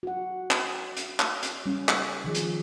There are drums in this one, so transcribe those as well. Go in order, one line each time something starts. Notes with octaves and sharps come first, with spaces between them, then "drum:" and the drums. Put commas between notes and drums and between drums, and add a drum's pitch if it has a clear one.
F#4 F#5
drum: clap
drum: hi-hat
drum: clap
drum: hi-hat
G3 C#4
drum: clap
D#3 F3 G#4
drum: hi-hat